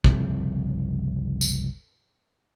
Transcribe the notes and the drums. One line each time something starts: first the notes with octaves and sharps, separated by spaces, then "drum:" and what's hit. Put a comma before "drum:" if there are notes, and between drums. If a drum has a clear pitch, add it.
F#1 C2 F3 C4, drum: kick
drum: tambourine